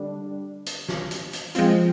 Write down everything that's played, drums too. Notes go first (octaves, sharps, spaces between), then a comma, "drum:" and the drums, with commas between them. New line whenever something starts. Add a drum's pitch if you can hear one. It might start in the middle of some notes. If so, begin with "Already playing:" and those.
Already playing: D3 G3 D4
drum: hi-hat
drum: snare
drum: hi-hat
drum: hi-hat
F3 G#3 C4 F4, drum: hi-hat